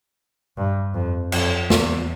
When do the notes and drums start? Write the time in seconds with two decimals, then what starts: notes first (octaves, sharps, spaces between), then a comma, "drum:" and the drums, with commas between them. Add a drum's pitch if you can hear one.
0.57 G2
0.94 F2
1.32 F2, drum: cymbal
1.70 E2, drum: snare